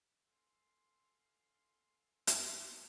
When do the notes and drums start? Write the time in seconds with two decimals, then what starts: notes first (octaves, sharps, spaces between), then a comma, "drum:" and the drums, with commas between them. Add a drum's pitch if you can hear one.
0.27 C#4 A4 F5 C6
2.27 drum: hi-hat